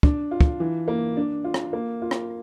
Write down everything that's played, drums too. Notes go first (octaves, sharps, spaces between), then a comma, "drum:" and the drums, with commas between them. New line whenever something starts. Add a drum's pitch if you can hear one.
D4, drum: kick
F4
drum: kick
E3
A#3
D4
F4
drum: rim click
A#3
F4
drum: rim click